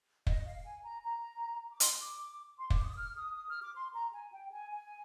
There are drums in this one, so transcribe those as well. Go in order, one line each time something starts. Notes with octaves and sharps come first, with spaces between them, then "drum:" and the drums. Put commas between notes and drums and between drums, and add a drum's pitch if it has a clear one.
D#5, drum: kick
F5
G#5
A#5
A#5
D6
C6, drum: hi-hat
D6
C6
D6, drum: kick
D#6
F6
D#6
D#6
F6
D6
C6
A#5
G#5
G5
G#5
G#5